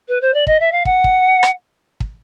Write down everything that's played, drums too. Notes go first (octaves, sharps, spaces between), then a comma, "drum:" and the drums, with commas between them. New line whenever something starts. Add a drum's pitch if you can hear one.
B4
C5
D5
D#5, drum: kick
E5
F5
F#5, drum: kick
drum: kick
drum: rim click
drum: kick